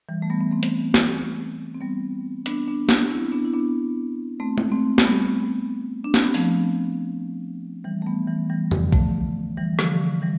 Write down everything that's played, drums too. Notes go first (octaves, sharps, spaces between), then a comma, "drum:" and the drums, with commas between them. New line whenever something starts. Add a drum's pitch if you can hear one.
E3 G3
A3
G3 B3
B3
A3 C4
drum: hi-hat
drum: snare
C4
G3 B3
B3 D4, drum: hi-hat
B3 D4
B3 D4, drum: snare
C4 E4
B3 D4
E4
B3 D4
A3 C4
drum: tom G#3
A3 C4
A3, drum: snare
G3 B3
D4
C4, drum: snare
B3
F3 A3, drum: open hi-hat
E3 G3
A3
G3 B3
E3 G3
E3 G3
D3 F3, drum: tom F2
F3 A3, drum: kick A#1
E3 G3
D3 F3, drum: rim click
E3 G3